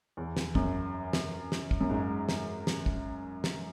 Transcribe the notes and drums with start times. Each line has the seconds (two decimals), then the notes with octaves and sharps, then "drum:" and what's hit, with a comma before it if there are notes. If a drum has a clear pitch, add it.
0.17 E2
0.37 drum: snare
0.55 F#2, drum: kick
1.13 drum: snare
1.52 drum: snare
1.71 drum: kick
1.81 F#2
1.90 G#2
2.29 drum: snare
2.67 drum: snare
2.86 drum: kick
3.44 drum: snare